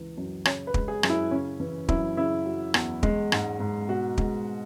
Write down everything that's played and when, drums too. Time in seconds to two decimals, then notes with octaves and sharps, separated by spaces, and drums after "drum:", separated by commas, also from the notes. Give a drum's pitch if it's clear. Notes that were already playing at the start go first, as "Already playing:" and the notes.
Already playing: C#2 E3
0.17 F#2
0.45 C#3 C#5, drum: rim click
0.67 B4
0.74 G#3, drum: kick
0.88 G#4
1.03 F#2, drum: rim click
1.10 E4
1.31 C#3 C#4
1.60 E3
1.89 F#2 E4, drum: kick
2.17 C#3 E4
2.46 F#3
2.74 E2, drum: rim click
3.03 G#3, drum: kick
3.32 G#2, drum: rim click
3.60 G#2
3.89 B2 F#4
4.18 G#3, drum: kick